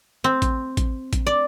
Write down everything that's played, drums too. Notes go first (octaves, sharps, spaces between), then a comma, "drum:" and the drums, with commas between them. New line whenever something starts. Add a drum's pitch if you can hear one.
C4
drum: kick A1, hi-hat
drum: kick A1, hi-hat
drum: kick A1, hi-hat
D5